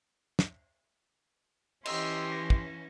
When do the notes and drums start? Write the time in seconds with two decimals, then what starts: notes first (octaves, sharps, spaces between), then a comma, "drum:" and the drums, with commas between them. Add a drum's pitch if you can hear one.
0.39 drum: snare
1.85 E3 C#4 G4 D#5 C6 E6, drum: cymbal
2.32 A#6
2.50 drum: kick